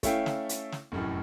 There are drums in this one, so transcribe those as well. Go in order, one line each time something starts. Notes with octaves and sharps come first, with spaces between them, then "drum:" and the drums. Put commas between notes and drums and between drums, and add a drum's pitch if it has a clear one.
A3 C#4 E4 E5 F5 G5, drum: kick, hi-hat
drum: snare
drum: hi-hat
drum: snare
F1 F#2 A2